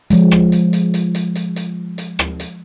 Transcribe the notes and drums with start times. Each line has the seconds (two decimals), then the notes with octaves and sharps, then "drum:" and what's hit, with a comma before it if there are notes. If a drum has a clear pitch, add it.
0.10 F3 G#3, drum: hi-hat
0.31 drum: rim click
0.52 drum: hi-hat
0.73 drum: hi-hat
0.94 drum: hi-hat
1.15 drum: hi-hat
1.36 drum: hi-hat
1.56 drum: hi-hat
1.98 drum: hi-hat
2.19 drum: rim click
2.40 drum: hi-hat